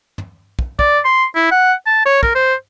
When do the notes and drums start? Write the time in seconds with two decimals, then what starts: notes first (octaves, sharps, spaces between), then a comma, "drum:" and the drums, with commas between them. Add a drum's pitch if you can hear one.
0.18 drum: tom
0.59 drum: kick
0.79 D5, drum: kick
1.05 C6
1.35 E4
1.51 F#5
1.86 A5
2.06 C#5
2.23 A#4, drum: kick
2.35 C5